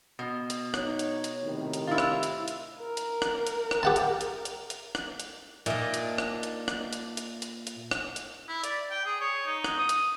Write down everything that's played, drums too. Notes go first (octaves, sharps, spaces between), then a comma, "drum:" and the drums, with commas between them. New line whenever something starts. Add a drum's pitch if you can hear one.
B2
drum: hi-hat
D#4 C#5, drum: rim click
drum: hi-hat
drum: hi-hat
A2 C3 D#3
drum: hi-hat
E4 F4
drum: rim click
drum: hi-hat
drum: hi-hat
A#4
drum: hi-hat
drum: rim click
drum: hi-hat
drum: rim click
G4 F#5 A5
drum: hi-hat
drum: hi-hat
drum: hi-hat
drum: hi-hat
drum: rim click
drum: hi-hat
A#2 D4 D#4 D#5 E5, drum: hi-hat
drum: hi-hat
drum: rim click
drum: hi-hat
drum: rim click
drum: hi-hat
drum: hi-hat
drum: hi-hat
drum: hi-hat
drum: rim click
drum: hi-hat
E4
D5, drum: hi-hat
G5
G#4
C#5
D#4
drum: rim click
D#6
drum: hi-hat